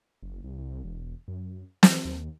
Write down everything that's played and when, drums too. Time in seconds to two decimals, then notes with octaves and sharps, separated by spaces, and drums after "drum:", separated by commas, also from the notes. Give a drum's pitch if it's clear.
0.23 F#1
0.44 C2
0.58 C2
0.84 E1
1.28 F#2
1.83 E3, drum: snare
2.05 D#2